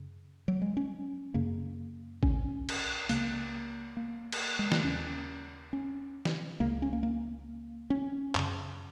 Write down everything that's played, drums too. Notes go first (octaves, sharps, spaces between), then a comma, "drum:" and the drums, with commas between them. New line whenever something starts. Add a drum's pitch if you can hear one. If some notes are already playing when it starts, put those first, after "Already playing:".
Already playing: F#2 C#3
F#3
G#3
C#4
F#2 C#3 A#3
C#4, drum: kick A1
drum: cymbal
C#2 C#3 A#3, drum: hi-hat
A#3
drum: cymbal
G#3
A#3, drum: snare
D#2 C#3 C#4
C#4
drum: snare
C#2 C#3 A#3
C#4
A#3
A#3
C#4
F#2 C#3, drum: clap